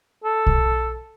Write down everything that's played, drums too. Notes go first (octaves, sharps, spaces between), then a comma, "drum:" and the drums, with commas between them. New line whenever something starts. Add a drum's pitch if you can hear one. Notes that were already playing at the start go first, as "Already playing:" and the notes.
A4
drum: kick